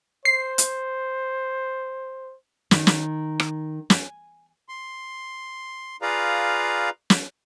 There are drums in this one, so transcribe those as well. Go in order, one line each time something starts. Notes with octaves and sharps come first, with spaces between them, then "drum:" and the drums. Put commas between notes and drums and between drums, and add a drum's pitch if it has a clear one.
C5 C7
drum: hi-hat
D#3, drum: snare
drum: snare
drum: rim click
G#5, drum: snare
C6
F4 G#4 B4 D5 F5 A#5
drum: snare